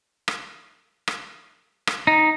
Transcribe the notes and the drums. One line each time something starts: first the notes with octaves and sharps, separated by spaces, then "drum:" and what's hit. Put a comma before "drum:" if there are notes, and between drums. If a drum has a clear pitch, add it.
drum: rim click
drum: rim click
drum: rim click
D#4